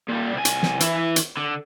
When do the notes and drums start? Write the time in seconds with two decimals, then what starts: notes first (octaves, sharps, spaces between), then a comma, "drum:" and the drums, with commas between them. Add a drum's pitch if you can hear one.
0.08 A#2 G3
0.35 C2 G#5
0.45 drum: hi-hat
0.63 drum: snare
0.80 E3 E4, drum: hi-hat
1.16 drum: hi-hat
1.37 D3